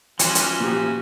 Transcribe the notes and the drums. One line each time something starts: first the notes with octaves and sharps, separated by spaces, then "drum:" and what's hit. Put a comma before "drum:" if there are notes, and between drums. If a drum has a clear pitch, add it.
E3 F3 C#4 F#4, drum: hi-hat
drum: hi-hat
A#2 G4